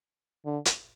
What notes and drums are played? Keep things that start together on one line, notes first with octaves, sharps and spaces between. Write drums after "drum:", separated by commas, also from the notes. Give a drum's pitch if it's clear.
D3
drum: hi-hat